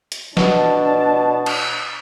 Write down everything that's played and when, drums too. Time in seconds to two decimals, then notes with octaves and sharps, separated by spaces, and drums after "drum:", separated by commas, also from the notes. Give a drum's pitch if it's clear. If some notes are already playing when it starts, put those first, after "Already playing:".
0.12 drum: hi-hat
0.37 B2 D4 A5, drum: snare
1.46 drum: cymbal